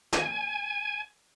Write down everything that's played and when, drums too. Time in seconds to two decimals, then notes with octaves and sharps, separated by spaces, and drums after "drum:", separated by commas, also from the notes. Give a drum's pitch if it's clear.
0.13 G#5, drum: snare